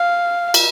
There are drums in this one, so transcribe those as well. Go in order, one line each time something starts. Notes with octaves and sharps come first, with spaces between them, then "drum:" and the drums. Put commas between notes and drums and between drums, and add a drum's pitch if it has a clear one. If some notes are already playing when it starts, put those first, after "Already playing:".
Already playing: F5
drum: cymbal